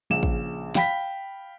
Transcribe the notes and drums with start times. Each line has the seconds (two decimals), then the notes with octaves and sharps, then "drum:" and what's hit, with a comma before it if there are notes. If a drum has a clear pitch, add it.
0.10 A#1 C#3 E7
0.23 drum: kick
0.75 F5 G5 B5 B6, drum: snare